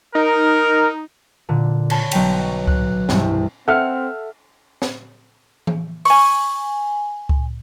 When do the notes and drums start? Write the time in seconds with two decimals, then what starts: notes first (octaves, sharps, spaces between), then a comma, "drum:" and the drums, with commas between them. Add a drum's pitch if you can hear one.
0.15 D#4 A#4
1.49 A#2 D3
1.90 C#5 A5 B5, drum: cymbal
2.11 B1 F#3 G5 B6, drum: cymbal
2.67 F#6, drum: kick C#2
3.09 E1 C2 G2, drum: snare
3.68 C4 A4 E5 F#5 F6
4.82 drum: snare
5.67 drum: tom E3
6.05 G#5 C#6, drum: open hi-hat
7.29 drum: kick C#2